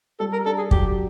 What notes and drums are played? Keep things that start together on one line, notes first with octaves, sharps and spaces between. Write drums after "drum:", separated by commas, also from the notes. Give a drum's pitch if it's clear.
G3 A4
A#4
D4 A4
G#4
F#3 G4, drum: kick